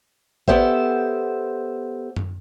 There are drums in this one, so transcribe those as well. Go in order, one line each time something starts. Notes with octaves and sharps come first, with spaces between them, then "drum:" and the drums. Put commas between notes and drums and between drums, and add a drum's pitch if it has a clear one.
B3 G4 A4 C5 E5, drum: kick G#1
drum: tom F#2